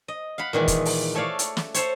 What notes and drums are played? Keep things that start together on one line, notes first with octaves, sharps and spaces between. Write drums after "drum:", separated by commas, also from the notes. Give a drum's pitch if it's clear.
D#5
F5 F#5 B5
A#2 D#3 E3 G#3
drum: kick, hi-hat
drum: open hi-hat
A3 A4 C#5 D5 F5
drum: hi-hat
drum: snare
A4 C5 C#5, drum: hi-hat